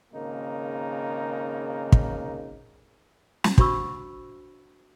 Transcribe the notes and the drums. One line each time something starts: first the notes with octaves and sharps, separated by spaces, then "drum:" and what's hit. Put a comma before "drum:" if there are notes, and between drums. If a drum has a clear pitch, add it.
G#1 C#3 A#3 D#4
drum: kick
drum: snare
D4 F#4 C5 B5 C#6 E6, drum: kick